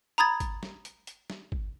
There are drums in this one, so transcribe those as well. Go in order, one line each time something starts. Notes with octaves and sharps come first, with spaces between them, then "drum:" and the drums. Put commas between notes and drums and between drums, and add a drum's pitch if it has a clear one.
A#5 B5 D#6 G#6 A6
drum: kick, hi-hat
drum: snare
drum: hi-hat
drum: hi-hat
drum: snare
drum: kick